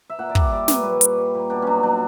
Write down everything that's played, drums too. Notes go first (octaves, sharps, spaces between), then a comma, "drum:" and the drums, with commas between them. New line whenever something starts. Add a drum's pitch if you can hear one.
E5
A#2 F#5
D5
G3 E5, drum: kick
G3 D5
A#2 B4, drum: snare
C#5
A#2 B4
G3, drum: hi-hat
G3
A#2
B2 D4
F#3 C#4 D4
F#3 D4